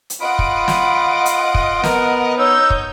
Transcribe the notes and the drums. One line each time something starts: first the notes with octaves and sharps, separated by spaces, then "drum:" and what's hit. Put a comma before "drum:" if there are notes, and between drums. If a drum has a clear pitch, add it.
drum: hi-hat
F4 D#5 F#5 B5 D#6 D7
drum: kick
drum: snare
drum: hi-hat
drum: kick
B3 A#4, drum: snare
D#4 C#5 E6 G6
drum: kick